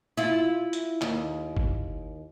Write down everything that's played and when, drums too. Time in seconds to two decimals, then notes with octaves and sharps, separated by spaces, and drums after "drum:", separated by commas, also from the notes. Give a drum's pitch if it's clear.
0.17 E4 F4
0.73 drum: hi-hat
1.02 D#2, drum: clap
1.57 drum: kick